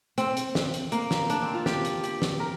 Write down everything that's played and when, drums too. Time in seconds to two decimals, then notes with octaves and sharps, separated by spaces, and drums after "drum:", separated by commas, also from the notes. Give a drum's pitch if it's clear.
0.18 C4, drum: hi-hat
0.37 drum: hi-hat
0.55 drum: snare
0.74 drum: hi-hat
0.92 A#3, drum: hi-hat
1.11 drum: snare
1.30 D4, drum: hi-hat
1.42 C4
1.54 F4
1.66 G4, drum: snare
1.85 drum: hi-hat
2.04 G4, drum: hi-hat
2.22 drum: snare
2.40 A#4